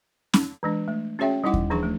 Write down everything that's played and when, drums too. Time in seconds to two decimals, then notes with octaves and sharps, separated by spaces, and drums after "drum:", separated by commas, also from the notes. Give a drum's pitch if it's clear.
0.34 drum: snare C#4
0.63 E3 G#3 D4
0.88 A3
1.19 C#4 F#4 G#4 C#5 E5 G5
1.44 G3 D#4 E4 F#5 D6
1.54 drum: kick D#2
1.70 E3 F3 D4 G#4 C#6
1.83 A3